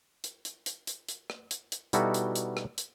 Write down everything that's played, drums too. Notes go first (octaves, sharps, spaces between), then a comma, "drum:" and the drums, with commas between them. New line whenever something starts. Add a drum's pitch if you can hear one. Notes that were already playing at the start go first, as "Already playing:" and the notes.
drum: hi-hat
drum: hi-hat
drum: hi-hat
drum: hi-hat
drum: hi-hat
drum: rim click
drum: hi-hat
drum: hi-hat
B2 G3 D#4 E4 F#4 A4, drum: hi-hat
drum: hi-hat
drum: hi-hat
drum: rim click
drum: hi-hat